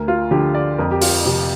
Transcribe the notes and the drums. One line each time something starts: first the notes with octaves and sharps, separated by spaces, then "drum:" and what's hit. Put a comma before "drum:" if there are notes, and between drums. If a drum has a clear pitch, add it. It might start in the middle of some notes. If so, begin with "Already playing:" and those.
Already playing: D2 A#4
F4
D3 F3 G4
D5
F2 A#4
G4
F4, drum: open hi-hat
C3 F3